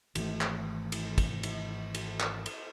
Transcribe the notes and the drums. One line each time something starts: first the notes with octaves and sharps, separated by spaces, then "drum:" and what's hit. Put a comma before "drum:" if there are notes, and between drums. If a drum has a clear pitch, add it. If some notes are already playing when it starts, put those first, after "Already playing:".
G#1 E3 A3, drum: cymbal
drum: clap
drum: cymbal
drum: kick, cymbal
drum: cymbal
drum: cymbal
drum: clap
drum: cymbal